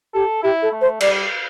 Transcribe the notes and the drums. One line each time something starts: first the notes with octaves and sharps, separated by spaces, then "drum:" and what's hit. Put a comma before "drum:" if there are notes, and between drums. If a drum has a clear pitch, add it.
G4 A4
E4 G4
A4
A3
C5
G3 D5, drum: cymbal